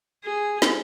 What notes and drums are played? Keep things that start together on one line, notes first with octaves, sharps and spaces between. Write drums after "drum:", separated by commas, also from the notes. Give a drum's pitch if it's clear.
G#4
drum: snare